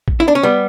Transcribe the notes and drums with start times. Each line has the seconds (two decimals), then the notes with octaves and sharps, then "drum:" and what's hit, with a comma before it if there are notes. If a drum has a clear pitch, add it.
0.08 drum: kick A1
0.20 E4
0.28 D4
0.35 C#4
0.43 G3 B3